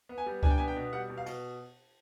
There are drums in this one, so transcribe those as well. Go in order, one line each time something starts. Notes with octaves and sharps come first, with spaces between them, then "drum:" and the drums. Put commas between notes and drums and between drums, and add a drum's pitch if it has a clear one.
B3
G#5
G3
D4 G#5, drum: kick C#2
G5
B3 G#5
G5
B2
G3 F#5
B2
F5
B2, drum: cymbal